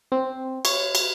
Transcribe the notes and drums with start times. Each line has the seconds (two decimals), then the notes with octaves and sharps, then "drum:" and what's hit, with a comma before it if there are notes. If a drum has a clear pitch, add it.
0.12 C4
0.65 C#5, drum: cymbal
0.95 drum: cymbal